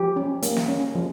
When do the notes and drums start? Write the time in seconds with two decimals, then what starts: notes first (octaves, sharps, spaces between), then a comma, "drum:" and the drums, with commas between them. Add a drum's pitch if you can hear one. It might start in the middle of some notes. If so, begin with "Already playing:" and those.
Already playing: F3 G4
0.16 C#4
0.42 A#3, drum: hi-hat
0.57 drum: snare
0.68 C#4
0.95 F3